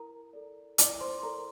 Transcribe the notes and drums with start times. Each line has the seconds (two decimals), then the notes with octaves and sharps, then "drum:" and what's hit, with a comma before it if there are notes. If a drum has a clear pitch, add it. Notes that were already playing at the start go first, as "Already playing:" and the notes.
Already playing: E4 A#4 A#5
0.33 A4 D5
0.78 E4 D5 D6, drum: hi-hat
1.01 C5 C6
1.19 C6
1.23 A4 A#4 D5 A#5